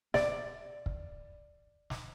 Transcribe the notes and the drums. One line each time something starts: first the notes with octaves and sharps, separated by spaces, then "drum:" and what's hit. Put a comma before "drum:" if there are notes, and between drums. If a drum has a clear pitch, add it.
D5, drum: snare
drum: kick
drum: snare